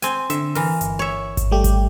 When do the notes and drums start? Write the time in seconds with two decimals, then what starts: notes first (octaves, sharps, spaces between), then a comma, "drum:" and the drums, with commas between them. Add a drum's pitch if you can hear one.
0.02 C4 G#5, drum: hi-hat
0.30 D3 E5, drum: hi-hat
0.55 E3 A#4, drum: open hi-hat
0.81 G1, drum: hi-hat
0.99 C#5 E5
1.37 drum: kick G#1, hi-hat
1.51 G3 A3 G4
1.64 drum: kick G#1, hi-hat